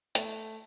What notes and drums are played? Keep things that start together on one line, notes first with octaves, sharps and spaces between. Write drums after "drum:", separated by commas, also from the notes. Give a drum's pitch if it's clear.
A3, drum: hi-hat